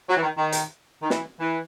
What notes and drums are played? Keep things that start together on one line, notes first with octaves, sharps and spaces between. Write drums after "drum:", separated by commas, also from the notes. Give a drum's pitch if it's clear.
F#3
E3
D#3
D#3
drum: hi-hat
D#3
E3, drum: snare
E3